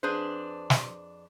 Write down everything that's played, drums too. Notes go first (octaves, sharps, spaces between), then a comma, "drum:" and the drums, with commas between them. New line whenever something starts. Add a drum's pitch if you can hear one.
F2 D4 G#4 B4 C5
drum: snare